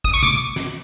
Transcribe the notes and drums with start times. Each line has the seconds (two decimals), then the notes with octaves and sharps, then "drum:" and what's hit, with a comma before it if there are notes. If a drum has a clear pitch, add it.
0.04 D#6, drum: kick
0.13 C#6
0.23 D6, drum: tom
0.56 drum: snare